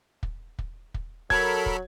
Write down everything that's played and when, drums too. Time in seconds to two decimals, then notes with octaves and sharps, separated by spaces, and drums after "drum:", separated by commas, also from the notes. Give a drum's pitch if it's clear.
0.23 drum: kick
0.59 drum: kick
0.94 drum: kick
1.30 F#3 A4 A#4 B5 G#6, drum: kick
1.66 drum: kick